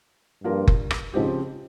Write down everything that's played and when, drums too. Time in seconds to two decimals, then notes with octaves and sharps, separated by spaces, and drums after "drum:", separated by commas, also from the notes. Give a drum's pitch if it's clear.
0.44 G2 F3 A#3 F4 A#4
0.68 drum: kick F#1
0.91 drum: rim click
1.14 G#2 C#3 F3 C4 G4